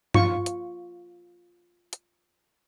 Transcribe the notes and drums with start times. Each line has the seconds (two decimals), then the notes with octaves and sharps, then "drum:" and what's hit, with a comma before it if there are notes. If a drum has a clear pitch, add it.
0.14 F4 C#6, drum: tom G2
0.46 drum: hi-hat
1.93 drum: hi-hat